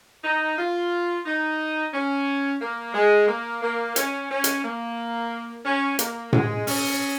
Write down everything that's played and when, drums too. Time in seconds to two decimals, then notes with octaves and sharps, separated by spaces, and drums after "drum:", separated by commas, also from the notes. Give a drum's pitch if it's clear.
0.24 D#4
0.59 F4
1.26 D#4
1.93 C#4
2.62 A#3
2.94 G#3
3.28 A#3
3.63 A#3
3.96 C#4, drum: hi-hat
4.30 C#4
4.44 drum: hi-hat
4.64 A#3
5.65 C#4
5.99 A#3, drum: hi-hat
6.33 G#3, drum: tom A2
6.67 C#4, drum: open hi-hat